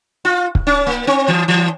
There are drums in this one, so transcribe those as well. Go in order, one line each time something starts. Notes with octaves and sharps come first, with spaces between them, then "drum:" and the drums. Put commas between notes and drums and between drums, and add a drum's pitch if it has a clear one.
F4
drum: kick
C#4
A#3
C4
E3
E3